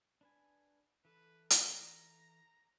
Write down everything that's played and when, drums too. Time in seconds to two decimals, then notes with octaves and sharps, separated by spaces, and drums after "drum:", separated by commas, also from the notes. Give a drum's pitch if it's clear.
0.21 D4 B4 G#5
1.05 E3 A4 B4
1.50 A#5, drum: hi-hat